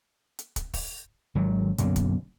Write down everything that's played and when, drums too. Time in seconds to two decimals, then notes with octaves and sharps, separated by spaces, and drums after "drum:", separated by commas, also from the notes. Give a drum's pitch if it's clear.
0.39 drum: hi-hat
0.56 drum: kick, hi-hat
0.74 drum: kick, open hi-hat
1.35 G#1 D#3 F#3
1.78 B1 F#2 D3 A#3, drum: hi-hat
1.96 drum: kick, hi-hat